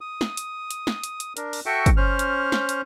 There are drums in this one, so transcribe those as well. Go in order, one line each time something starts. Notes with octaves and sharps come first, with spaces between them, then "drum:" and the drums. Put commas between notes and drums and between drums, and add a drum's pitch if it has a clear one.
D#6
drum: snare
drum: hi-hat
drum: hi-hat
drum: snare
drum: hi-hat
drum: hi-hat
D4 A#4, drum: hi-hat
drum: open hi-hat
F#4 A4 E5 G5 C#6
drum: kick, hi-hat
C#4 C5 F6
drum: hi-hat
drum: snare
drum: hi-hat